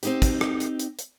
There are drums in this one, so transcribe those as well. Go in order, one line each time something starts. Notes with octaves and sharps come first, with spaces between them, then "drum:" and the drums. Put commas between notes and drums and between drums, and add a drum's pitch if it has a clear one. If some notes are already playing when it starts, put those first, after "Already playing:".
C4 D#4 G4, drum: hi-hat
drum: kick, hi-hat
drum: rim click
drum: hi-hat
drum: hi-hat
drum: hi-hat